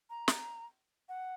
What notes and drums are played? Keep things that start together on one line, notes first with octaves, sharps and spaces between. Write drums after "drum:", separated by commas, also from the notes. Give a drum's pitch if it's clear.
A#5
drum: snare
F#5